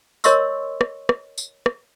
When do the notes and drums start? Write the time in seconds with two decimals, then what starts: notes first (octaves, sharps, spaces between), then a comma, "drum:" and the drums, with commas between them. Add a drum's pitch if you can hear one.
0.24 A#4 C#5 D#5 C6 C#6 E6, drum: tambourine
0.81 drum: rim click
1.09 drum: rim click
1.38 drum: tambourine
1.66 drum: rim click